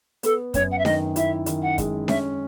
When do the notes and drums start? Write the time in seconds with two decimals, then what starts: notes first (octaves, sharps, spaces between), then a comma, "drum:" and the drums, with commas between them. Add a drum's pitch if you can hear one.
0.23 B3 A4, drum: hi-hat
0.54 F#2 C#5, drum: kick, hi-hat
0.71 F#5
0.78 E5
0.85 D#3 D#5, drum: snare D4
1.16 E4 E5, drum: hi-hat
1.46 D#3, drum: hi-hat
1.62 F#5
1.78 G#3, drum: kick, hi-hat
2.08 C#4 E5, drum: snare D4